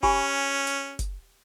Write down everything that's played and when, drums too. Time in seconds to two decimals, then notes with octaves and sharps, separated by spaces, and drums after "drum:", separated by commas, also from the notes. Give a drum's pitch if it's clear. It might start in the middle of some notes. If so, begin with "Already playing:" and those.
0.03 C#4 G4 G#5 B5, drum: kick F#1
0.67 drum: hi-hat
0.99 drum: kick F#1, hi-hat